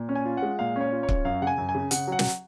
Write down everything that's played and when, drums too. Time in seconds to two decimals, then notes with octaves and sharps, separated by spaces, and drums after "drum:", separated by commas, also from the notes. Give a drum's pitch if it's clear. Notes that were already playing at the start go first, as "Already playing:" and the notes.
Already playing: A#2
0.09 C#4
0.15 G#5
0.25 F4
0.37 F#5
0.42 G#3
0.59 A#2 F5
0.76 C#4 C#5
0.92 F4
1.03 C#5
1.09 C#4, drum: kick C#1
1.25 F#2 F5
1.42 C#3 F#5
1.47 G#5
1.58 F#2
1.69 G#5
1.75 C#3
1.91 C#3 F#5, drum: hi-hat
2.08 F#3 F#5
2.19 drum: snare